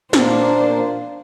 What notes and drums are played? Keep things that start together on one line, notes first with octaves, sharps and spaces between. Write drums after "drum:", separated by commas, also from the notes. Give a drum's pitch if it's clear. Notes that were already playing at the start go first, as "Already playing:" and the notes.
A#2 A#3 D4 C5, drum: snare